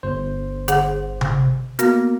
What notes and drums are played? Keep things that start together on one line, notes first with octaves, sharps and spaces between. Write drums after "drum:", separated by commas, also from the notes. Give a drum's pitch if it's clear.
G1 C5
D3 G#4 F#5, drum: hi-hat
drum: tom C3
A#3 B3 F#4, drum: hi-hat